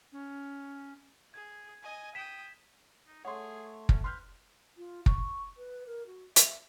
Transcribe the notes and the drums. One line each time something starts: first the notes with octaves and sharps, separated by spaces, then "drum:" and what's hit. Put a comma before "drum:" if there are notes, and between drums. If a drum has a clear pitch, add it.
C#4
G#4 G#6
D#5 G#5
G5 D#6 B6 E7
D#4
A3 G#4 C#5 F#5 C6
C#4, drum: kick
B4 C6 F6 G6
F4
C#6, drum: kick
B4
A#4
F#4
E5, drum: hi-hat